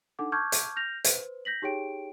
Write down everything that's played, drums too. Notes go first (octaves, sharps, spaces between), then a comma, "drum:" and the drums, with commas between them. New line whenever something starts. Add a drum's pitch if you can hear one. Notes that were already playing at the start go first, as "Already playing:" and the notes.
D4 D#4 A4 F#5 D6
A5 C#6 D6 F6 G6 G#6
drum: hi-hat
F6 G6 A#6 F7
B4 C5, drum: hi-hat
G6 A#6 B6 F#7
D#4 G4 G#4 C#5 G5 D7